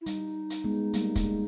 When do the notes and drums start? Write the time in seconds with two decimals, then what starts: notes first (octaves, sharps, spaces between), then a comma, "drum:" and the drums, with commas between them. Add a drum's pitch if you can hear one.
0.01 E4
0.06 G3 D#4, drum: hi-hat
0.50 drum: hi-hat
0.64 G#3 B3
0.93 G3 A#3, drum: hi-hat
1.16 G#3, drum: kick, hi-hat